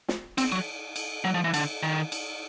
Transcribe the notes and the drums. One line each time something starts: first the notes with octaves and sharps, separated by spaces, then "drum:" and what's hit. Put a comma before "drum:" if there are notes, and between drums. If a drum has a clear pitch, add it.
drum: snare
C4, drum: cymbal
F#3
drum: cymbal
F#3
F3
E3
D3, drum: cymbal
D#3
drum: cymbal